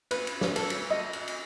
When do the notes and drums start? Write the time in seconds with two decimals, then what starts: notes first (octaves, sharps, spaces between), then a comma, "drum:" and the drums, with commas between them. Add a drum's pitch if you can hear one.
0.11 B4, drum: cymbal
0.27 drum: cymbal
0.41 drum: snare
0.56 A4, drum: cymbal
0.70 drum: cymbal
0.90 D#5
1.13 drum: cymbal
1.28 drum: cymbal